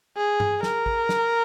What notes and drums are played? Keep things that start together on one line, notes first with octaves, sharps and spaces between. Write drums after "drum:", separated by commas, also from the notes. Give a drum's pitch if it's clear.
G#4
drum: tom G2
A#4, drum: snare
drum: kick A1
drum: snare